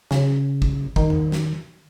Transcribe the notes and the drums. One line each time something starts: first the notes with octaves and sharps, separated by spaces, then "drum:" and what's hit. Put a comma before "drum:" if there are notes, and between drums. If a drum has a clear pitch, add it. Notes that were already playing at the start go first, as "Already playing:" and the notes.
C#3, drum: snare
drum: kick
D#3, drum: kick
drum: tom E2
drum: snare